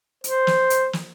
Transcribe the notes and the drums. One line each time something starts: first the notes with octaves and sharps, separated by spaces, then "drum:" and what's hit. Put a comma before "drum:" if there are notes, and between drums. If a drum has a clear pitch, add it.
C5, drum: hi-hat
drum: snare
drum: hi-hat
drum: snare